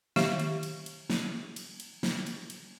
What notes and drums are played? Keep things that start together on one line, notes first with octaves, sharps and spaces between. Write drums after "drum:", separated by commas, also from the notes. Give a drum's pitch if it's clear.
D#3 G4 E5 F5, drum: snare
drum: cymbal
drum: cymbal
drum: cymbal
drum: snare
drum: cymbal
drum: cymbal
drum: snare
drum: cymbal
drum: cymbal